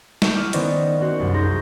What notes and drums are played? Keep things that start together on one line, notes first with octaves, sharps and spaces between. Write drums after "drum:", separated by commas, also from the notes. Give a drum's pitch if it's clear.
F#4 G6, drum: snare
E4 D6 F6 G6 D#7 E7
D#3 B3 C#4 C5 D5 D#5, drum: hi-hat
B3 C#4 F#4 C5
C2 F#2
D#4 G#4 A#5 C6 G6 A#6